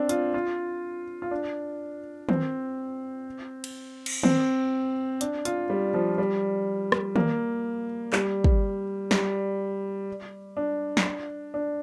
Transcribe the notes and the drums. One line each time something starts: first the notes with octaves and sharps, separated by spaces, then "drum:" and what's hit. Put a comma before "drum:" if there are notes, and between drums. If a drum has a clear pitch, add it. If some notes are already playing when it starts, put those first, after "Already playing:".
Already playing: C4 D4
F4, drum: hi-hat
F4
F4
D4
C4, drum: tom D#3
drum: cymbal
drum: cymbal
C4, drum: tom D#3
D4, drum: hi-hat
F4, drum: hi-hat
G3
F3
G3
drum: rim click
A#3, drum: tom D#3
G3, drum: clap
drum: kick
G3, drum: snare
D4
drum: snare
D4